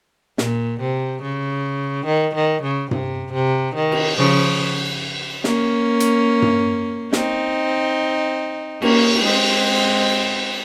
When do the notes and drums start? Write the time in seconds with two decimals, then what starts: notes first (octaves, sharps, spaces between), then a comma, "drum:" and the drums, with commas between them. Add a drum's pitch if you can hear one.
0.38 A#2, drum: snare
0.80 C3
1.22 C#3
2.06 D#3
2.35 D#3
2.63 C#3
2.91 C3, drum: tom G2
3.33 C3
3.76 D#3
3.91 drum: cymbal
4.17 C#3 F3
5.44 A#3 C#4, drum: snare
6.00 drum: hi-hat
6.42 drum: tom G2
7.13 C4 D#4, drum: snare
8.82 A#3 C#4, drum: cymbal
9.15 drum: cymbal
9.24 G#3 C4